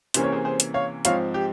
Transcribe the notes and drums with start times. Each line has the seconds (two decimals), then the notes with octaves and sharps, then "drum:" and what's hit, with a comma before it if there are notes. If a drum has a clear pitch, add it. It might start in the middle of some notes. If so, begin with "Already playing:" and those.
0.14 C3 E3 A#3 C#4 C5, drum: hi-hat
0.24 C#5
0.32 G#4 C5
0.45 G#4 C5
0.60 drum: hi-hat
0.74 C#5 F5
1.05 G#2 F3 C4 C#5 F5, drum: hi-hat
1.34 G4